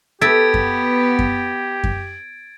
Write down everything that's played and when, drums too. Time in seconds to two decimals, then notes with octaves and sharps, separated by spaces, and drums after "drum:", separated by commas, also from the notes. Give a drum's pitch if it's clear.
0.21 B3 G4 A4 E5 G#6 A6 D7
0.54 drum: kick F#2
1.19 drum: kick F#2
1.84 drum: kick F#2